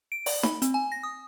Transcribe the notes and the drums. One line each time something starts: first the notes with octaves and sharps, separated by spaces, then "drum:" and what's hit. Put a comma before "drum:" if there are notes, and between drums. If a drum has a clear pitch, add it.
D7
D5, drum: open hi-hat
B5, drum: snare D#4
C4, drum: hi-hat
G#5
A#6
D#6